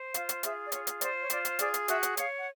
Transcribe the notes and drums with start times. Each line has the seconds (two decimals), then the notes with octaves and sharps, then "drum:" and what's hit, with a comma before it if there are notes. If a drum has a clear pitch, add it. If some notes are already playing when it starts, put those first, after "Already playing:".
Already playing: C5
0.14 F4 F5, drum: hi-hat
0.29 drum: hi-hat
0.43 G#4 E5, drum: hi-hat
0.66 D5
0.72 F4 C#5, drum: hi-hat
0.87 drum: hi-hat
1.01 C5 D5, drum: hi-hat
1.22 C#5
1.30 F4 D5, drum: hi-hat
1.45 drum: hi-hat
1.59 G#4 D5, drum: hi-hat
1.74 drum: hi-hat
1.88 F#4 E5, drum: hi-hat
2.03 drum: hi-hat
2.17 C#5 F5, drum: hi-hat
2.37 F#5